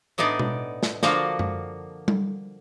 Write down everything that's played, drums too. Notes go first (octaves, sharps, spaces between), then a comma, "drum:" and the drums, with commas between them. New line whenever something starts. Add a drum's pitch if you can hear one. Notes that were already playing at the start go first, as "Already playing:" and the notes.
A2 B3 D4 D#4 D5
drum: tom B2
drum: snare
D3 F3 A#3 F4 F#4, drum: snare
drum: tom F#2
drum: tom G3